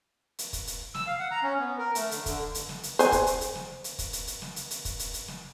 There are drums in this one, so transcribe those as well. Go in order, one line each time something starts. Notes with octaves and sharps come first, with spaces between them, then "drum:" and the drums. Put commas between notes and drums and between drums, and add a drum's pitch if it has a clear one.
drum: hi-hat
drum: kick, hi-hat
drum: hi-hat
E6, drum: snare
F5
F#5
A#5
C#4
B3
A#4
A3, drum: hi-hat
D3, drum: hi-hat
D3, drum: kick, hi-hat
drum: hi-hat
drum: snare
drum: hi-hat
C5 G#5, drum: hi-hat
drum: kick, hi-hat
drum: hi-hat
drum: hi-hat
drum: snare
drum: hi-hat
drum: kick, hi-hat
drum: hi-hat
drum: hi-hat
drum: snare
drum: hi-hat
drum: hi-hat
drum: kick, hi-hat
drum: hi-hat
drum: hi-hat
drum: snare